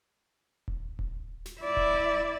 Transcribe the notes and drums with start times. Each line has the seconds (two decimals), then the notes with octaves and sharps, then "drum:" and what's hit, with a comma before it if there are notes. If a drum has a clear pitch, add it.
0.68 drum: kick D#1
0.99 drum: kick D#1
1.46 drum: snare
1.61 E4 D5
1.77 drum: kick D#1